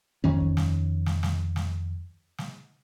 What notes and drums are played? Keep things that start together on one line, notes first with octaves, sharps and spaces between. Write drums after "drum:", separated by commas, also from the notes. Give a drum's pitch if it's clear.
F2 D#3 C#4
drum: kick D#2
drum: snare
drum: snare
drum: snare
drum: snare
drum: snare